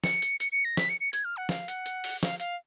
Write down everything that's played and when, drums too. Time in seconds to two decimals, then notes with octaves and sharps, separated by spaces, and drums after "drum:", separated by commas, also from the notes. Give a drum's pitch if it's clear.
0.04 C#7, drum: snare
0.22 drum: hi-hat
0.40 C#7, drum: hi-hat
0.52 C#7
0.65 A#6
0.77 B6, drum: snare
0.89 C#7
1.00 C#7
1.13 G#6, drum: hi-hat
1.25 F6
1.37 F#5
1.49 F5, drum: snare
1.68 F#5, drum: hi-hat
1.86 drum: hi-hat
2.04 drum: open hi-hat
2.23 F5, drum: snare
2.40 F5, drum: hi-hat